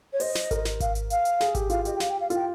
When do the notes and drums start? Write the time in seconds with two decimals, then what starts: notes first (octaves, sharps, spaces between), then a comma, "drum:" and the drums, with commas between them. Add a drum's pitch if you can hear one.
0.12 C#5
0.20 C5 D#5, drum: open hi-hat
0.35 drum: snare
0.51 A#4, drum: kick G#1, hi-hat
0.65 drum: snare
0.80 F5, drum: kick G#1, hi-hat
0.95 drum: hi-hat
1.10 F5, drum: hi-hat
1.25 drum: hi-hat
1.40 G#4, drum: snare
1.55 G4, drum: kick G#1, hi-hat
1.70 F4 F5, drum: hi-hat
1.85 G4 D#5, drum: hi-hat
1.95 G5
2.00 F5, drum: snare
2.09 G5
2.20 F5
2.30 F4 G5, drum: hi-hat